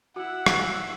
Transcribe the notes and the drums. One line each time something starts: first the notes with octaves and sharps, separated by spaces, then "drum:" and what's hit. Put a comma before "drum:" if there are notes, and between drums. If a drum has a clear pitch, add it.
E4 F#4 F#5 E6
drum: rim click